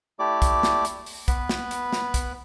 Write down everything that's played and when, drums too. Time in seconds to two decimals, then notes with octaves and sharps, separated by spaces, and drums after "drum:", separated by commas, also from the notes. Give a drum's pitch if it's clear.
0.19 A3 E4 G4 D5 D6
0.42 drum: kick, hi-hat
0.63 drum: snare
0.85 drum: hi-hat
1.06 drum: open hi-hat
1.28 B3 B4 B5, drum: kick, hi-hat
1.49 drum: snare
1.71 drum: hi-hat
1.93 drum: snare
2.14 drum: kick, hi-hat